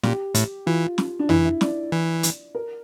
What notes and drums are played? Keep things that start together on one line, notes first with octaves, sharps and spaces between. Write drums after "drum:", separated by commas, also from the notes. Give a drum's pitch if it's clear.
A#2 G4, drum: snare
A2, drum: hi-hat
E3 F4
drum: snare
D4
E3 E4, drum: tom F2
E4
D5, drum: snare
E3
drum: hi-hat
A#4